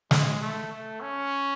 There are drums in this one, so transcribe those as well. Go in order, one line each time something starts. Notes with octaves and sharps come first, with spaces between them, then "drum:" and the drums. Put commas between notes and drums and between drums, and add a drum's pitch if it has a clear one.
G#3, drum: snare
A3
A3
C#4